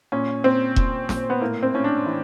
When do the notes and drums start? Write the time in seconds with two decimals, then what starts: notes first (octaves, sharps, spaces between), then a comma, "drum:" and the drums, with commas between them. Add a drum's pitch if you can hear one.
0.12 A#2 C#4
0.44 A#2 C4
0.76 A#2, drum: kick E1
1.09 A#2, drum: snare
1.30 B3
1.41 A2 A#3
1.63 C4
1.74 A2 C#4
1.84 D4
2.06 E3